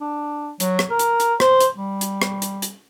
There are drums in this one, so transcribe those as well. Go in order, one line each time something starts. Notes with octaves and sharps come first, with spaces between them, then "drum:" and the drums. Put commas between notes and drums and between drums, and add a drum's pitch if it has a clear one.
D4
F#3, drum: hi-hat
drum: rim click
A#4
drum: hi-hat
drum: hi-hat
C5, drum: rim click
drum: hi-hat
G3
drum: hi-hat
drum: rim click
drum: hi-hat
drum: hi-hat